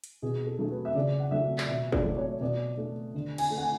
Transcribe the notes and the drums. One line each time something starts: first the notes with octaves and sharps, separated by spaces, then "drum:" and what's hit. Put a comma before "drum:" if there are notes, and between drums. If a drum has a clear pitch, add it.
drum: hi-hat
B2 G#4
A4
F#3 A3
B4
E5
C#3 D5
F#5
F#3 A3 E5
D5, drum: clap
B2 E5
D5, drum: kick
F#3 A3
C#5
B2 D5
A3
D3
G#5, drum: cymbal
A3
F#5
G#5